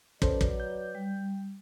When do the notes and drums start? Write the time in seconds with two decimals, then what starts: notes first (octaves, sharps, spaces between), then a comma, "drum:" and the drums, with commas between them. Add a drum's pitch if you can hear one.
0.22 F#3 C#4 A4 B4 C5 D5, drum: kick
0.41 drum: kick
0.60 G6
0.95 G3